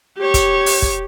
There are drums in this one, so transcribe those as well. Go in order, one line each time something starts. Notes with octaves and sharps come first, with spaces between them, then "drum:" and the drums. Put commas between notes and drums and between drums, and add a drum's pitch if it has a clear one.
G4 C#5
drum: kick, hi-hat
drum: open hi-hat
drum: kick